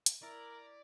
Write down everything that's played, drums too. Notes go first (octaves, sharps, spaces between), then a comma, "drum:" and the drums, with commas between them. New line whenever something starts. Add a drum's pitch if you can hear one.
drum: hi-hat
E4 A#4 D5 A#5